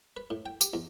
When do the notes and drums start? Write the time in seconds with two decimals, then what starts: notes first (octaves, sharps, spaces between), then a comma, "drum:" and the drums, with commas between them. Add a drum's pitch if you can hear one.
0.17 B4
0.30 A2
0.46 G5
0.61 G4, drum: tambourine
0.73 E2